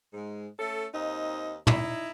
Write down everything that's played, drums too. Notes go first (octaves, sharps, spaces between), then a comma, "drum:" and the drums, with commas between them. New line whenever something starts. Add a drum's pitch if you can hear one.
G#2 G#3
A3 C#4 A4
D#2 C4 D#4 D#5
D#4 E4, drum: tom